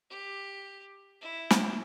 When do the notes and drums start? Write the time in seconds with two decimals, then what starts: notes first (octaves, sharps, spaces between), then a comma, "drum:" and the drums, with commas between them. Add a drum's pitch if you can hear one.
0.10 G4
1.21 E4
1.51 drum: snare